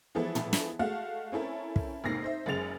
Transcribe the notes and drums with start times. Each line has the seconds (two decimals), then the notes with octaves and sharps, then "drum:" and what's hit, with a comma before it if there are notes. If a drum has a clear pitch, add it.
0.15 E3 F3 G#3 B3 E4 A4
0.35 drum: tom
0.53 drum: snare
0.79 G#3 A3 F#4 F5 F#5
1.32 C4 C#4 E4 A4 A#4
1.76 drum: kick
2.04 F1 G#2 A#3 A#6 C7
2.22 D#4 C5 E5
2.46 F#1 F#2 G#3 A6 F7